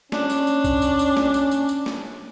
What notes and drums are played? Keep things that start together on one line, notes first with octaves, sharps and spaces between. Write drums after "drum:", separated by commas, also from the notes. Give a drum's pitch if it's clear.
C#4 D4, drum: snare
drum: tambourine
drum: tambourine
drum: kick B1, tambourine
drum: tambourine
drum: tambourine
drum: snare
drum: tambourine
drum: tambourine
drum: tambourine
drum: snare